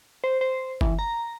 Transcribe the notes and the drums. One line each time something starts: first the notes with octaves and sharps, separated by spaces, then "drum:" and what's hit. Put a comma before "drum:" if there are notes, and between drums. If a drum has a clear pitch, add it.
C5
C5
E3, drum: kick F#1
A#5